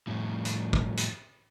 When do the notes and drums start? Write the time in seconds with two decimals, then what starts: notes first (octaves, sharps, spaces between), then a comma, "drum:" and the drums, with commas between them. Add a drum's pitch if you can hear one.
0.07 F2 A2
0.45 drum: hi-hat
0.73 drum: kick
0.97 drum: hi-hat